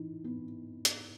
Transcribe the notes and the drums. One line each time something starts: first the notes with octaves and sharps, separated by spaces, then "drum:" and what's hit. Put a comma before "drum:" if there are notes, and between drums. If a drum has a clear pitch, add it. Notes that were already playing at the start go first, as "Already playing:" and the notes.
Already playing: E3 D#4
B3
drum: hi-hat